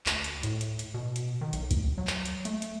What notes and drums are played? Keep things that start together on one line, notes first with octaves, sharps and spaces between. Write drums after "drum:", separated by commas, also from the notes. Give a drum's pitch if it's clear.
D2, drum: clap
drum: hi-hat
A2, drum: hi-hat
drum: hi-hat
drum: hi-hat
B2
drum: hi-hat
D#3
B1, drum: hi-hat
drum: kick C#2, hi-hat
F#3
drum: clap
drum: hi-hat
A3, drum: hi-hat
drum: hi-hat